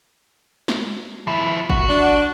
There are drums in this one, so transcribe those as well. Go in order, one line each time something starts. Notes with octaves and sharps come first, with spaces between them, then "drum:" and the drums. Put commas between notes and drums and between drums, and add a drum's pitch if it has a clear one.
drum: snare
F3 E4
F#4, drum: kick
D4